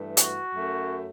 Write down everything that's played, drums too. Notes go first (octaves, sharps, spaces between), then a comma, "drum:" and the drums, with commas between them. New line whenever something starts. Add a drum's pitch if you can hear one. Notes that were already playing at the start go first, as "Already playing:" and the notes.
Already playing: G2 E3 A3
F#4, drum: hi-hat
F#2 F#3 A3